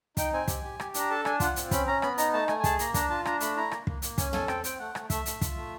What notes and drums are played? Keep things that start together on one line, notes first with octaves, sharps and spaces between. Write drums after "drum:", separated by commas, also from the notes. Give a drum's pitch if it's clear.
D#4 G5, drum: kick, hi-hat
C4 G#5
G4, drum: kick, hi-hat
G4
G4, drum: rim click
D4 A#5, drum: hi-hat
A4 A5
D4 G#5, drum: rim click
F4 F#5, drum: kick, hi-hat
C4, drum: hi-hat
C#4 B5, drum: kick, hi-hat
C#4 A#5
B3 B5, drum: rim click
D#4 A#5, drum: hi-hat
A3 A5
A3 G#5, drum: rim click
G#5
G#4 A5, drum: kick, hi-hat
A#3 A#5, drum: hi-hat
D4 A#5, drum: kick, hi-hat
F4 A5
D4 A#5, drum: rim click
A3 B5, drum: hi-hat
E4 A#5
A#3, drum: rim click
A#3, drum: kick
A#3, drum: hi-hat
C#4 G#5, drum: kick, hi-hat
A4 G#5, drum: tom
C4 G5, drum: rim click
C4 G5, drum: hi-hat
A3 F#5
A3, drum: rim click
A3 E5, drum: kick, hi-hat
A3, drum: hi-hat
F4, drum: kick, hi-hat
A3